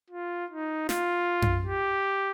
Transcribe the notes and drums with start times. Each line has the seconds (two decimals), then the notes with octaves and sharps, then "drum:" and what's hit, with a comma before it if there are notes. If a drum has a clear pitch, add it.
0.10 F4
0.50 D#4
0.89 F4, drum: snare
1.42 drum: tom F#2
1.67 G4